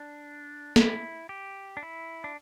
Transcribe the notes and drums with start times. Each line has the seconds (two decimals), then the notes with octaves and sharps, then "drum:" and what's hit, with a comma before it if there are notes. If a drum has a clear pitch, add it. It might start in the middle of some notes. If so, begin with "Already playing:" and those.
Already playing: D4
0.76 E4, drum: snare
1.29 G4
1.77 D4
1.83 E4
2.24 D4